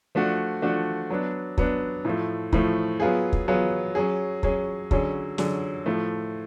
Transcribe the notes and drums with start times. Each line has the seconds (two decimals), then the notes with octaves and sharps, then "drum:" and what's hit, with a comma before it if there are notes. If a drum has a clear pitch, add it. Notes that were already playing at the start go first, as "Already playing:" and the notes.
0.15 F3 A3 D4 F#4
0.62 F3 A3 D4 F#4
1.10 F#3 B3 D4
1.58 F#3 B3 D4, drum: kick
2.05 A2 F3 A3
2.53 A2 F3 A3, drum: kick
3.00 F#3 B3 F4 G#4
3.33 drum: kick
3.48 F#3 B3 F4 G#4
3.95 F#3 C#4 G#4
4.43 F#3 C#4 G#4, drum: kick
4.91 D3 F#3 C#4 G#4, drum: kick
5.38 D3 F#3 C#4 G#4, drum: snare
5.86 A2 F3 A3